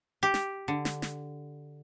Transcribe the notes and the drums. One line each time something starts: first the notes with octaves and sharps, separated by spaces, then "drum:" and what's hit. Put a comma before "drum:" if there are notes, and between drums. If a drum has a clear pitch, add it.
G4
drum: snare
D3
drum: snare
drum: snare